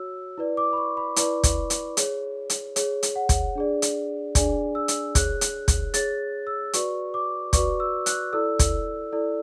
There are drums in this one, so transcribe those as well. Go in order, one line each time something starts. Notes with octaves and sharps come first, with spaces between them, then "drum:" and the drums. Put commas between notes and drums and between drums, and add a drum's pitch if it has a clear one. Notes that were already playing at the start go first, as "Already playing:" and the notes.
Already playing: F#4 C#5 E6
E4 B4 D5
D6
B5
C#6
B5
E4 B4 D5, drum: hi-hat
drum: kick, hi-hat
drum: hi-hat
G#4 C#5, drum: hi-hat
drum: hi-hat
G#4 C#5, drum: hi-hat
drum: hi-hat
F#5
drum: kick, hi-hat
D4 G#4 D5
drum: hi-hat
D4 G#4 D5 G#5, drum: kick, hi-hat
E6
drum: hi-hat
G#4 C#5 F#6, drum: kick, hi-hat
drum: hi-hat
drum: kick, hi-hat
G#4 C#5 A6, drum: hi-hat
E6
F#4 B4 D5 C#6, drum: hi-hat
D6
F#4 B4 D5 C#6, drum: kick, hi-hat
E6
F#6, drum: hi-hat
E4 A4 D5 E6
drum: kick, hi-hat
E4 A4 D5